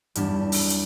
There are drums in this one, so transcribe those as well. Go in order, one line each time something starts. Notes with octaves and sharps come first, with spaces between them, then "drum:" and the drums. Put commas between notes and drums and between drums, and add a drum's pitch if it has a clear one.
E2 G2 D4, drum: hi-hat
drum: open hi-hat
drum: hi-hat